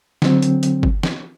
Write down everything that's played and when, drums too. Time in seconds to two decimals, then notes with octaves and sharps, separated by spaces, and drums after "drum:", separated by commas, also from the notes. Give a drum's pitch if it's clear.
0.22 D3 F#3 C4, drum: snare
0.42 drum: hi-hat
0.63 drum: hi-hat
0.83 drum: kick
1.03 drum: snare